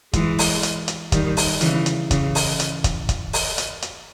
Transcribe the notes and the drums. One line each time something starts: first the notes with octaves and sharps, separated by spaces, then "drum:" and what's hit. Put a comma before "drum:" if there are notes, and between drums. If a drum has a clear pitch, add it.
E3 G#3, drum: kick, hi-hat
drum: open hi-hat
drum: hi-hat
drum: hi-hat
D#3 G3, drum: kick, hi-hat
drum: open hi-hat
C#3 E3, drum: hi-hat
drum: hi-hat
C#3 E3, drum: kick, hi-hat
drum: open hi-hat
drum: hi-hat
drum: kick, hi-hat
drum: kick, hi-hat
drum: open hi-hat
drum: hi-hat
drum: hi-hat